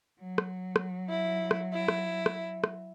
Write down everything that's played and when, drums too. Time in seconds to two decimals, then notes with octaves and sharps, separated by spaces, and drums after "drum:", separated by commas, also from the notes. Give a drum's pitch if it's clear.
0.19 F#3
0.38 drum: rim click
0.76 drum: rim click
1.09 E4
1.51 drum: rim click
1.74 E4
1.88 drum: rim click
2.26 drum: rim click
2.64 drum: rim click